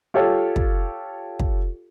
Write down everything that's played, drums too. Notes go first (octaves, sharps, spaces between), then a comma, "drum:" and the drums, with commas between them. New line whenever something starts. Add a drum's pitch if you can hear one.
F4 G4 A4 C#5 F5
drum: kick
drum: kick